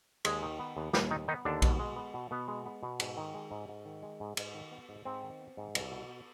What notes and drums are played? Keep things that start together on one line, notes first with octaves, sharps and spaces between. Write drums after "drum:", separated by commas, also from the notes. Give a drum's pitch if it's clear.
D#2 G#3 G#4, drum: cymbal
D#3
B3
D#2
D#2 G3 G4, drum: snare
D#3 D#4
D#3 B3 D#4
D#2 D3 D4
B2, drum: kick A#1, cymbal
G#3
B3
B2
B2 B3
G#3
B3
B2
G#2, drum: cymbal
D#3
G#3
G#2
G#2
D#3
G#3
G#2
G#2, drum: cymbal
D#3
B3
G#2
G#2 C4
D#3
B3
G#2
C2, drum: cymbal
B2
B3